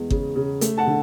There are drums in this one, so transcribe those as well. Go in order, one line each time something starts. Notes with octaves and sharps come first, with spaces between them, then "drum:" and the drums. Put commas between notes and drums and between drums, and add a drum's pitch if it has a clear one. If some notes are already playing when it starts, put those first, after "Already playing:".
Already playing: E2 G#3
C#3, drum: kick G1
C#3
A3, drum: hi-hat
F#5 A5
D3